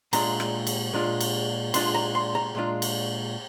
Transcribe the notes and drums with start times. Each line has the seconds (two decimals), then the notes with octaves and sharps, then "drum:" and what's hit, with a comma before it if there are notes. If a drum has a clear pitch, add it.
0.13 A#2 G#3 D4 F4 A#5, drum: cymbal
0.40 drum: rim click
0.67 drum: cymbal
0.93 A#2 G#3 D4 F4
1.21 drum: cymbal
1.74 A#2 G#3 D4 F4 C6, drum: cymbal
1.94 A#5
2.15 C6
2.35 A#5
2.55 A#2 G#3 D4 F4
2.82 drum: cymbal